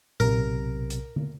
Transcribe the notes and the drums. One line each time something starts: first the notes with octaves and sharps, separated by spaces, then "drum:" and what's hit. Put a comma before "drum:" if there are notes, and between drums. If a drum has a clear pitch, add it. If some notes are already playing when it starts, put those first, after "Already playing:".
B1 C3 A#4, drum: tom A#2
drum: hi-hat
drum: tom